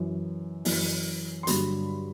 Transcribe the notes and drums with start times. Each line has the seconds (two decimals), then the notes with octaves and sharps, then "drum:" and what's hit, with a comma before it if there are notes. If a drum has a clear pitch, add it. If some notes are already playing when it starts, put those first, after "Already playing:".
Already playing: F#2 E3
0.65 F#2 E3, drum: open hi-hat
1.43 C6
1.47 G2 D3 F#3 B5, drum: hi-hat